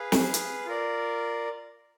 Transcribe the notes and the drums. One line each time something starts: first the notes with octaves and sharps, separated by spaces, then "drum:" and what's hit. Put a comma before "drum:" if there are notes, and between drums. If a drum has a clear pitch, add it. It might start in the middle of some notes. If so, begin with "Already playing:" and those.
Already playing: G#4 B4 F5
drum: snare
drum: hi-hat
F4 A#4 D5